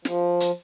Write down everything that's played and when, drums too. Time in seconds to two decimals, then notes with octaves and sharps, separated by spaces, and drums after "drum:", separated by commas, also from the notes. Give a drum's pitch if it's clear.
0.05 F3, drum: snare
0.40 drum: hi-hat